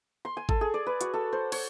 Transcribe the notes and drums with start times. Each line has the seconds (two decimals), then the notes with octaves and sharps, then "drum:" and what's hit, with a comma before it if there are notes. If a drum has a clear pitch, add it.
0.25 C6
0.37 G#5
0.49 A4, drum: kick G#1
0.61 G#4
0.74 D5
0.87 B4
1.01 F#4, drum: hi-hat
1.14 A4
1.33 C5
1.52 C#5, drum: cymbal